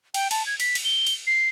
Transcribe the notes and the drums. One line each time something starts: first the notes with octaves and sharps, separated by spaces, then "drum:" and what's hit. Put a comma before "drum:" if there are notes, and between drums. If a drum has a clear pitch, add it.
G5, drum: cymbal
A5, drum: cymbal
G#6
B6, drum: cymbal
drum: cymbal
G7
drum: cymbal
C7